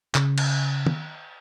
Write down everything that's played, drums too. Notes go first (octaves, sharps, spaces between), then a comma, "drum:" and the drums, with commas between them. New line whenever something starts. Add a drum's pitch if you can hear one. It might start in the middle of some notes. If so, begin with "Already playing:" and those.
C#3, drum: clap
drum: cymbal
drum: tom